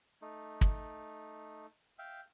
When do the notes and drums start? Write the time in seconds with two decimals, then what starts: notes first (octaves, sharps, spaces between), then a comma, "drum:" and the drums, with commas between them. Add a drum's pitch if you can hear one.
0.22 A3 D#4
0.61 drum: kick
1.99 E5 F5 G5